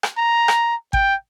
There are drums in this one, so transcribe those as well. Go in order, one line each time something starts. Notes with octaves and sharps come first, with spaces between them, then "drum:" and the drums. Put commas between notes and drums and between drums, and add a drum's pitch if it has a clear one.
drum: rim click
A#5
drum: rim click
G5, drum: kick